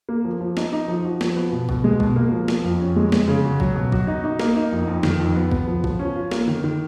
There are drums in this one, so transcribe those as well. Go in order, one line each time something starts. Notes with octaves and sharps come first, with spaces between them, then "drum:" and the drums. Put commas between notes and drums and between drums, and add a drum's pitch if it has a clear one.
A#3
F3
F3
D#4, drum: snare
D#4
F3
F#4
F3, drum: snare
B3
B2
B2, drum: kick A#1
G#3
B2, drum: kick A#1
A#3
F3
F3, drum: snare
F2
C#4
G#3
G#3, drum: snare
C#3
F#4
F#3, drum: kick A#1
B2
F#4, drum: kick A#1
D#4
D#4
A#3, drum: snare
D#4
F2
F2
D#3, drum: snare
F2
B3
B3, drum: kick A#1
F3
F3, drum: kick A#1
C#4
F4
A#3, drum: snare
D#3
D#3